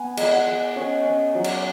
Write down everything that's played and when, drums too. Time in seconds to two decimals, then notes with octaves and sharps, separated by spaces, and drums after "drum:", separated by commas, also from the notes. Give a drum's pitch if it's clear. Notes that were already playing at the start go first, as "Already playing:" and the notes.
Already playing: B3 G#5
0.17 G#3, drum: cymbal
0.33 F#5
0.47 G#3
0.76 C#4 C#5
1.05 C#4
1.35 F#3
1.44 drum: cymbal